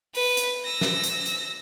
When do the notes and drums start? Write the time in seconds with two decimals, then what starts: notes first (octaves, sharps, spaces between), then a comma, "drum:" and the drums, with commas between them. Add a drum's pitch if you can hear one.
0.15 B4, drum: open hi-hat
0.37 drum: hi-hat
0.65 E6 A#6
0.81 drum: snare
1.04 drum: hi-hat
1.26 drum: hi-hat